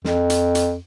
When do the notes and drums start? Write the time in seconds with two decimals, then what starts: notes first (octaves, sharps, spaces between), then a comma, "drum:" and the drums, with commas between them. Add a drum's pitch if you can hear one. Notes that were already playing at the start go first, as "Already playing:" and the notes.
0.04 F2, drum: snare
0.30 drum: hi-hat
0.55 drum: hi-hat